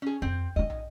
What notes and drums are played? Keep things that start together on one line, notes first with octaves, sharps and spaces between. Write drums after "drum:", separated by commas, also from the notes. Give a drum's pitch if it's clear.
C#4 G#4
F2 C4
C#4 D#4 D#5
drum: tom